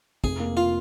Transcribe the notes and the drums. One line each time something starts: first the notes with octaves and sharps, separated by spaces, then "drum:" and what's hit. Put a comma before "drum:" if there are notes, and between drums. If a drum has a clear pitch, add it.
F1 G#4, drum: kick
A#3
F4